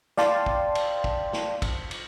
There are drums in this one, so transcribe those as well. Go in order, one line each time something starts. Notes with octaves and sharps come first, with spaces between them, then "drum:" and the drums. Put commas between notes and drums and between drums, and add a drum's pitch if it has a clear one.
D5 F5 G5 A5 C6, drum: snare
drum: kick
drum: cymbal
drum: kick
drum: snare
drum: kick, cymbal
drum: cymbal